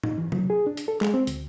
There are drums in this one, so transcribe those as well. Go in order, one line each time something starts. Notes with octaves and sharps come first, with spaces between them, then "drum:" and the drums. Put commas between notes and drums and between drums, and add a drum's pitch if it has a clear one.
D#4, drum: tom G#2
E3
F#3, drum: tom
G#4
D4
drum: hi-hat
A4
G#3, drum: clap
C4
D2, drum: hi-hat